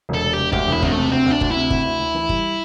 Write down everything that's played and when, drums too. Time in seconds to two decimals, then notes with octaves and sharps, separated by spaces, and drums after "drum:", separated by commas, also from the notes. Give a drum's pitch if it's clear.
0.09 E1 A4
0.23 E1
0.33 G4
0.38 E1
0.52 D2 G4, drum: kick
0.67 E1
0.72 E4
0.82 D2 C4, drum: kick
0.92 C3 A3
1.11 D2 C4
1.26 D2
1.31 D4
1.41 D2, drum: kick
1.51 C3 E4
1.70 D2, drum: kick
1.85 D2
1.99 D2
2.14 E3
2.29 G3, drum: kick